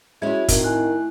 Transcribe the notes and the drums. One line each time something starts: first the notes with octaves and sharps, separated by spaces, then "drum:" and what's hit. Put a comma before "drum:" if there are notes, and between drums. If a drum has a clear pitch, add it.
G#3 C#4 E4 F#4 G#6
A2 D#3 C4, drum: kick, hi-hat
G#5 F#6